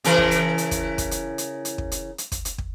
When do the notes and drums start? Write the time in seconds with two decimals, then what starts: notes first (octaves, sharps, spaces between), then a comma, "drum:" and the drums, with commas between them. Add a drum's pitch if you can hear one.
0.04 C#3 E3 A#4, drum: hi-hat
0.18 drum: kick
0.31 drum: hi-hat
0.58 drum: hi-hat
0.71 drum: kick, hi-hat
0.98 drum: kick, hi-hat
1.11 drum: hi-hat
1.38 drum: hi-hat
1.65 drum: hi-hat
1.78 drum: kick
1.92 drum: hi-hat
2.18 drum: hi-hat
2.32 drum: kick, hi-hat
2.45 drum: hi-hat
2.58 drum: kick